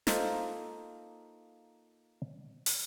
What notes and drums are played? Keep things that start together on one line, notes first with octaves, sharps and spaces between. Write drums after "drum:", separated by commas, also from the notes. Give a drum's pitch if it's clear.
A#3 D#4 F4 A4 A#4 C5, drum: snare
drum: open hi-hat